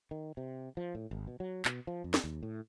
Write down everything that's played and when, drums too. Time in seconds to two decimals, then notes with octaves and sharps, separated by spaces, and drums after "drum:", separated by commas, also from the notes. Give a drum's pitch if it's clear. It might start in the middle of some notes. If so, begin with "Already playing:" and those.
0.11 D#3
0.37 C3
0.77 F3
0.95 A2
1.11 G#1
1.27 B2
1.40 F#3
1.65 B2, drum: clap
1.87 F3
2.04 F2
2.14 drum: snare
2.24 D#2
2.43 A2